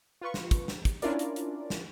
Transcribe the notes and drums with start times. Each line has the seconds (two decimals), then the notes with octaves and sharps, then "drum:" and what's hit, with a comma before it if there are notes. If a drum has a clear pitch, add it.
0.21 F4 B4 C#6
0.34 drum: snare
0.51 drum: kick, hi-hat
0.68 drum: snare
0.85 drum: kick, hi-hat
1.02 C#4 D4 E4 F4 A#4 D5, drum: hi-hat
1.19 drum: hi-hat
1.36 drum: hi-hat
1.70 drum: snare